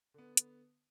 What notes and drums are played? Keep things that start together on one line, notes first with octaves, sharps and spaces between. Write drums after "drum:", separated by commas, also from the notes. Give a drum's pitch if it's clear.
D3 B3
drum: hi-hat